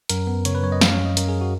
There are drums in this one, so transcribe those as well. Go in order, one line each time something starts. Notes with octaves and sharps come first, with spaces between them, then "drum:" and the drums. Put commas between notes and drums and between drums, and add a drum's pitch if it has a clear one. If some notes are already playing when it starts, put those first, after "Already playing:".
F#2 A#4, drum: hi-hat
B3
C#3 C#5, drum: hi-hat
B4
F#2 C#5
D#5
F#2 F5, drum: snare
C#5
C#4
D#5
F#2 A#4, drum: hi-hat
G#4
F#4